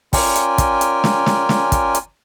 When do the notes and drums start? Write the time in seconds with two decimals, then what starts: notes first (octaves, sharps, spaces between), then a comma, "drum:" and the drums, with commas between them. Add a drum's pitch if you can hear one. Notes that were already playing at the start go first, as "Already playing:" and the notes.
0.13 C#4 F4 A#4 D5 G5 G#5, drum: kick, open hi-hat
0.36 drum: hi-hat
0.58 drum: kick, hi-hat
0.81 drum: hi-hat
1.04 drum: snare
1.26 drum: snare
1.49 drum: snare
1.72 drum: kick, hi-hat
1.95 drum: hi-hat